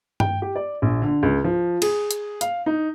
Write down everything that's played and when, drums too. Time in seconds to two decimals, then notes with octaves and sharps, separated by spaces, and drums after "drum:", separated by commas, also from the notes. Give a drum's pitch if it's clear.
0.20 G5, drum: tom G2
0.42 G4
0.56 D5
0.82 A#1
1.02 D3
1.23 C#2
1.44 F3
1.82 G#4, drum: cymbal
2.11 drum: hi-hat
2.41 F5, drum: hi-hat
2.66 D#4